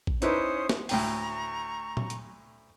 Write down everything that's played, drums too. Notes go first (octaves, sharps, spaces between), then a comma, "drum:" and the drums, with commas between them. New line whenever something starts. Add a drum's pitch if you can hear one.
drum: kick
C#4 D#4 E4 B4 C5 D#6, drum: hi-hat
drum: snare
D2 A2 G5 A#5 C#6, drum: open hi-hat
drum: tom A#2
drum: hi-hat